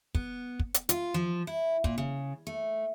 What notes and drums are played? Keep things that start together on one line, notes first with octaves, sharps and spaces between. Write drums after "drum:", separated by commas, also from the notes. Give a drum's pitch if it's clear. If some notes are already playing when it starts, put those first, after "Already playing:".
B3, drum: kick
drum: kick
drum: hi-hat
F4, drum: hi-hat
F3
E4
A#2, drum: kick
C#3
A3